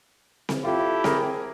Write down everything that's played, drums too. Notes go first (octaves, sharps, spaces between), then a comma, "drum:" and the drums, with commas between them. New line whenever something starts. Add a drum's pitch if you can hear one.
drum: snare C4
E4 F4 G4 A4
G#4 A#4, drum: snare C4